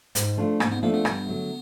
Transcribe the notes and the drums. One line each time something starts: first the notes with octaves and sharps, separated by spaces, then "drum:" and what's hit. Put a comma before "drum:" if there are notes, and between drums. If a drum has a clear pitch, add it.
G#2, drum: hi-hat
F3 A3 D4 F4
G#2 A#3, drum: rim click
B3
F3 A3 A#3 D4 F4
B3
G2, drum: rim click
D3 F#3 A3